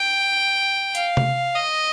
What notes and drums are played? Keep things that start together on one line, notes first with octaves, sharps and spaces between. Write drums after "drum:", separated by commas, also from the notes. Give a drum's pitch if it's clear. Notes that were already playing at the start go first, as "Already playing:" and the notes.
Already playing: G5
F5, drum: hi-hat
drum: tom C3
D#5